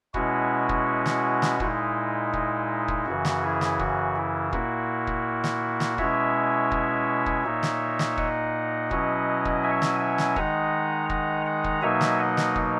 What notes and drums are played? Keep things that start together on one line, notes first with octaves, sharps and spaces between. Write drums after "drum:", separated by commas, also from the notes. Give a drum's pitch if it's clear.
B2 G#3 C#4 E4 F#4, drum: kick
drum: kick
drum: snare
drum: snare
A#2 G#3 D#4 E4, drum: kick
drum: kick
drum: kick
F#2 C#3 E3 F#4
drum: snare
E4 G#4
drum: snare
F#4, drum: kick
E4
A#2 A#3 E4 F#4, drum: kick
drum: kick
drum: snare
drum: snare
B2 G#3 C#4 E4 C#5 E5, drum: kick
drum: kick
drum: kick
A#2 A#3 D#4
drum: snare
drum: snare
D#5 F#5, drum: kick
B2 F#3 C#4 E4, drum: kick
drum: kick
E5 G#5
drum: snare
E5 G#5
drum: snare
D#3 G#3 D#4 F#5 A#5, drum: kick
F#5 A#5, drum: kick
F#5 A#5
drum: kick
B2 F#3 A#3 D#4 E5 G#5
drum: snare
D#5 F#5
drum: snare
drum: kick